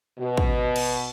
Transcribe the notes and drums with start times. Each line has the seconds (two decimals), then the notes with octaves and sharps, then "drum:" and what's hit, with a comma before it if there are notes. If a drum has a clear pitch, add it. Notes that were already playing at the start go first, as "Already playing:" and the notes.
0.19 B2
0.37 drum: kick
0.76 drum: cymbal